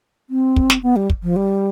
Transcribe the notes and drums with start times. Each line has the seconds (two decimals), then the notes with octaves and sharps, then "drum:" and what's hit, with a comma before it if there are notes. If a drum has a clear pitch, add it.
0.30 C4
0.56 drum: kick
0.70 drum: snare
0.83 B3
0.96 G3
1.10 drum: kick
1.23 F3
1.36 G3